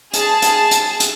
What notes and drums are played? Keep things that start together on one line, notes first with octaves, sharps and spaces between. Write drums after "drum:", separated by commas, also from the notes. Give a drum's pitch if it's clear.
G#4 A5, drum: hi-hat
drum: hi-hat
drum: hi-hat
drum: hi-hat